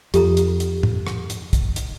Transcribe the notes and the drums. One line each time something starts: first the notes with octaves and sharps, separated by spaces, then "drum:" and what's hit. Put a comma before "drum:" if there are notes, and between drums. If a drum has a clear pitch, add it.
F2 G4 A4 A#5, drum: hi-hat
drum: hi-hat
drum: hi-hat
drum: tom
drum: rim click
drum: hi-hat
drum: kick, hi-hat
drum: hi-hat